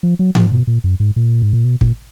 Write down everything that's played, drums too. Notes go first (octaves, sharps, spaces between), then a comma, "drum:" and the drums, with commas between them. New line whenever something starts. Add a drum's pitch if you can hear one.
F3
F#3
F3, drum: tom G#2
B2
A#2
F#2
G#2
A#2
G#2
A#2
B2
A#2, drum: kick